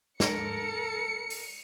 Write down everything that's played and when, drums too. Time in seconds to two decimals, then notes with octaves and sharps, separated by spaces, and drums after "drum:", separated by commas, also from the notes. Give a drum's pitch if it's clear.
0.20 A4 A#4 C#7, drum: snare
1.30 drum: open hi-hat